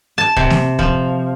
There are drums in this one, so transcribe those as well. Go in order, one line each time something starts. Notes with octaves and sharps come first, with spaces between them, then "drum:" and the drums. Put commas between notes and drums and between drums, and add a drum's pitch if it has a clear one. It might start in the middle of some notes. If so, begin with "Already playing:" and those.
A5
C3, drum: kick
drum: snare
F3, drum: kick